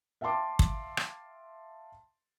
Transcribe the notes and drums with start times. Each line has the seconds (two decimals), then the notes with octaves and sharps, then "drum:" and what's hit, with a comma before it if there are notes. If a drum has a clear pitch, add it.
0.21 E5 F5 G5 A5 C6 D6
0.59 drum: kick
0.97 drum: rim click